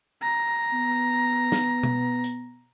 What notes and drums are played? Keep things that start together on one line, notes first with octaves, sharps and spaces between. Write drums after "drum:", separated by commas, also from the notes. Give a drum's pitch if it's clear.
A#5
B3
drum: snare
drum: tom B2
drum: hi-hat